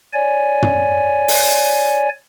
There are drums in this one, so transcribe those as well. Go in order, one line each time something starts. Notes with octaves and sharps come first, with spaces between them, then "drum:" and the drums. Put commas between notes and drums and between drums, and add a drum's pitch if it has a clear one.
C#5 D5 G#5
drum: tom
drum: open hi-hat